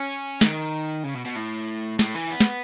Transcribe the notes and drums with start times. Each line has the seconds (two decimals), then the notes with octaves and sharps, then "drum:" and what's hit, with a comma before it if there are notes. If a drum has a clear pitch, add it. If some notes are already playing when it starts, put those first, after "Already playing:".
Already playing: C#4
0.41 D#3, drum: snare
1.04 C#3
1.15 B2
1.26 B2
1.36 A2
1.99 A2, drum: snare
2.15 E3
2.31 B3
2.40 drum: snare